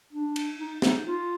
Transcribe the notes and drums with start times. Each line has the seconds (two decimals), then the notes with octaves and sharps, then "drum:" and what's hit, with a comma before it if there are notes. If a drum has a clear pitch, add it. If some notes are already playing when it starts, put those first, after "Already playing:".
0.13 D4
0.36 drum: cymbal
0.59 D#4
0.82 D#4, drum: snare
1.06 F4